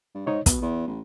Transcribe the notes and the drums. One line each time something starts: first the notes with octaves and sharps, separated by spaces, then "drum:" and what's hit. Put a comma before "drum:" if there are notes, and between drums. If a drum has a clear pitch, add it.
G2
G#2 D#4 C#5 D#5
B2 B3, drum: kick, hi-hat
E2
A1